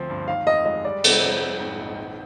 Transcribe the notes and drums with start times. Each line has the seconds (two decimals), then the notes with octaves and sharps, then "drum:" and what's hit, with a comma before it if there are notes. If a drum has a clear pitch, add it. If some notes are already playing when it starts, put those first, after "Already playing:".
Already playing: D2 F3 C4
0.10 G2
0.28 D#3 F5
0.47 F2 D#5
0.65 G#3 D#5
0.85 G3 D5
1.04 C3, drum: cymbal
1.22 F2
1.41 G3
1.60 G#2
1.80 A#1
1.98 D#3